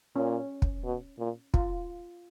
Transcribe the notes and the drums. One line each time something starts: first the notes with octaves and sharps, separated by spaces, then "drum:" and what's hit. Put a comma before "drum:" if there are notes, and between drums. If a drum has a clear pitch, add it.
A#2 C#4
drum: kick
B2
A#2
F4, drum: kick